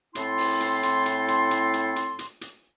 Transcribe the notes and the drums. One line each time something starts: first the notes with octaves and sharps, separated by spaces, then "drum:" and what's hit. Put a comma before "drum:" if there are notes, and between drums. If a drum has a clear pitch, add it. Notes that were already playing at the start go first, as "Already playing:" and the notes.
A2 C4 E4 A4 C6, drum: hi-hat
drum: open hi-hat
drum: hi-hat
drum: hi-hat
drum: hi-hat
drum: hi-hat
drum: hi-hat
drum: hi-hat
drum: hi-hat
drum: hi-hat
drum: hi-hat